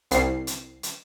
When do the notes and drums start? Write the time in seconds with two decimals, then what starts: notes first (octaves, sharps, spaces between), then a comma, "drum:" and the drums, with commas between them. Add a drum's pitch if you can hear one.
0.11 C2 C7, drum: hi-hat
0.47 drum: hi-hat
0.83 drum: hi-hat